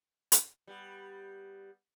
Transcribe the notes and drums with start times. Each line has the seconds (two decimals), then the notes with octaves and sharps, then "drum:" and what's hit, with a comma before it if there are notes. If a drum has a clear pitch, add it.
0.32 drum: hi-hat
0.67 G3 B3